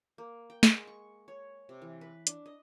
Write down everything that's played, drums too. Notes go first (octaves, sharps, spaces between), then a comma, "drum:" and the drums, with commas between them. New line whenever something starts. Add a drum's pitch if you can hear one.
A#3
G5
G#3, drum: snare
C#6
C#5
C3
E3
B4
D4, drum: hi-hat
D#5